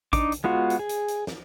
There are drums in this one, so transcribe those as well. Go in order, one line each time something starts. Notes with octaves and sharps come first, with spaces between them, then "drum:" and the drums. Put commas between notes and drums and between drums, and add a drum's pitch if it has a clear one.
D4 D#4 D6, drum: kick A1, hi-hat
drum: hi-hat
G#3 B3 F4 F#4
drum: hi-hat
G#4
drum: hi-hat
drum: hi-hat
drum: snare